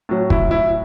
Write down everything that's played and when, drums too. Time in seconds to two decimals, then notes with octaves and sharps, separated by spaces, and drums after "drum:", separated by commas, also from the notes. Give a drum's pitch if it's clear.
0.09 A2 F#3
0.30 E4, drum: kick
0.51 E4